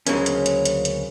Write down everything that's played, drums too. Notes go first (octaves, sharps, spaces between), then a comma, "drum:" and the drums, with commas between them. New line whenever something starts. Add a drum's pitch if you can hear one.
D2 C#3 F#3 G#3 A#3 C#4, drum: hi-hat
drum: hi-hat
drum: hi-hat
drum: hi-hat
drum: hi-hat